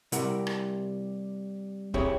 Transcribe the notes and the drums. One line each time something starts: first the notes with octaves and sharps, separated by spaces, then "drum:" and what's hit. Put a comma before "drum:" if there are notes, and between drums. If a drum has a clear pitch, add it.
C3 G3 E4 A#4 F#5, drum: hi-hat
drum: rim click
C4 E4 G4 G#4 C#5, drum: kick D1